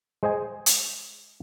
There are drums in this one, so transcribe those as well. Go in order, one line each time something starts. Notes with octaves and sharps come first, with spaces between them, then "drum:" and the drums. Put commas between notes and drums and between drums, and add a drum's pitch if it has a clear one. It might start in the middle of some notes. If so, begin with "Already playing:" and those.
G#3 C5 D#5 G#5
drum: hi-hat